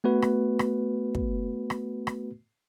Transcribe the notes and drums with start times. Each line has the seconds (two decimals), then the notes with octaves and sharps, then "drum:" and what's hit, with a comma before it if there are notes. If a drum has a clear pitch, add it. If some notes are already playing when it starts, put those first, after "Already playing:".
0.04 A3 B3 F#4 B4
0.22 drum: rim click
0.59 drum: rim click
1.15 drum: kick
1.70 drum: rim click
2.07 drum: rim click